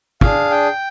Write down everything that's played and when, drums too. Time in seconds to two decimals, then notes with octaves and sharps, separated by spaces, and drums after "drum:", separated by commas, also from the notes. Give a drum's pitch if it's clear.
0.21 D4 G#4 F5, drum: kick
0.51 G5